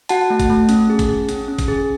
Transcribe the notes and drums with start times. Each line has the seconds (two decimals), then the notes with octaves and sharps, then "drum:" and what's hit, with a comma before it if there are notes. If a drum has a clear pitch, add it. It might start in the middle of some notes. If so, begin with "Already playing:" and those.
0.09 F#4 F#5 A5, drum: hi-hat
0.30 A3
0.40 drum: kick G#1, hi-hat
0.50 A3
0.69 C#4, drum: hi-hat
0.90 G#4
0.99 drum: kick G#1, hi-hat
1.08 G#4
1.29 C#4, drum: hi-hat
1.48 C#4
1.58 drum: kick G#1, hi-hat
1.68 G#4